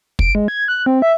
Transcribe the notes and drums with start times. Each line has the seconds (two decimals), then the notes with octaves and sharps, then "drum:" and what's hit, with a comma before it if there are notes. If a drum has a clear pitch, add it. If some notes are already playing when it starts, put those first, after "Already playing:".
0.19 D7, drum: kick
0.35 G#3
0.48 G#6
0.68 F#6
0.86 C4
1.02 E5